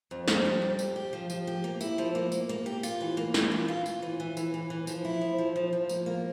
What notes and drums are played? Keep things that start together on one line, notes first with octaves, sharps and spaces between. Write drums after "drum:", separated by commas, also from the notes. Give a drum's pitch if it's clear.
F2
F2, drum: snare
G3
F2
G4, drum: tambourine
G4
F3
F3, drum: tambourine
G4
A#3
E4, drum: tambourine
F3
A#3
A#3, drum: tambourine
A#3
G4
F4, drum: tambourine
E3
A#3
E3, drum: snare
F4
F4
F4, drum: tambourine
E3
E3
E3, drum: tambourine
E3
E3
F3, drum: tambourine
E4
F3
F3
F3
F3
A#3, drum: tambourine
A#3